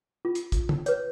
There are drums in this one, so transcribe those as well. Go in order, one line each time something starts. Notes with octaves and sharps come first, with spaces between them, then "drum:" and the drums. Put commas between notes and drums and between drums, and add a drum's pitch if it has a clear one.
F4
drum: hi-hat
drum: kick, hi-hat
drum: tom
B4 C#5, drum: hi-hat